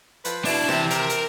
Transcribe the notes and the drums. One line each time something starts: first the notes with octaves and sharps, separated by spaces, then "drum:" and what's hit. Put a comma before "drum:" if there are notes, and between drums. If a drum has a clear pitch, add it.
F3 B4, drum: hi-hat
B2 D4 E4, drum: open hi-hat
C3 E3 A5, drum: rim click
A#4, drum: hi-hat
drum: hi-hat